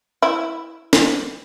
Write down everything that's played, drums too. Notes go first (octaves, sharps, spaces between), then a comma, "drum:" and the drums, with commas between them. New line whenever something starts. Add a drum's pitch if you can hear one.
E4
drum: snare